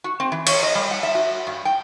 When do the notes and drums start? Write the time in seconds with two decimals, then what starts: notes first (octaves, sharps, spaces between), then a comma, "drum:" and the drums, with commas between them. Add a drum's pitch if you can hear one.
0.04 F#4
0.20 C4
0.32 E3
0.47 C#5, drum: cymbal
0.63 D#5
0.75 G3
0.91 F#5
1.03 E5
1.15 F#4
1.47 G2
1.65 G5